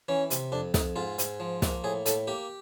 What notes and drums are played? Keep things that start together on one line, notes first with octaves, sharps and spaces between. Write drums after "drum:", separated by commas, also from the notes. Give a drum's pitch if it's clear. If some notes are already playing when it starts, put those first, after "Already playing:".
E3 C#4
C3, drum: hi-hat
F2 D4
F2 D#4, drum: snare
G#2 F4
G#2, drum: hi-hat
F3
A#3, drum: snare
A2 G#4
A2 A4, drum: hi-hat
A#3 G4